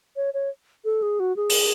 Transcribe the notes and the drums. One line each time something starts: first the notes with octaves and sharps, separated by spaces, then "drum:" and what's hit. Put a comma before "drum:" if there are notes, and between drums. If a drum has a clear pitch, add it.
C#5
C#5
A4
G#4
F#4
G#4
drum: open hi-hat